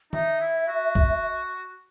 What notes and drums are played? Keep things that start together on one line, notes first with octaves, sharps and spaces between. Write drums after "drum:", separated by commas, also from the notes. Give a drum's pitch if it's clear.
D#4 E5, drum: tom D#3
E4
F#4
drum: kick B1